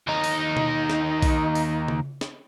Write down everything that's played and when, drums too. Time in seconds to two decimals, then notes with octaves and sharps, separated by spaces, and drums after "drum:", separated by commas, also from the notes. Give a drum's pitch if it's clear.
0.07 D#2 D#4
0.24 drum: open hi-hat
0.57 drum: tom B2
0.90 drum: snare
1.23 drum: kick B1, open hi-hat
1.55 drum: open hi-hat
1.88 drum: tom C#3
2.21 drum: snare